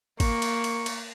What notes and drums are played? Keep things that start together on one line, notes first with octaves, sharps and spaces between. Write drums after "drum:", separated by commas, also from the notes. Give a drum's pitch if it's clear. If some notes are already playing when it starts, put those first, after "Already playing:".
A#3 C#6, drum: kick, cymbal
drum: cymbal
drum: cymbal
drum: cymbal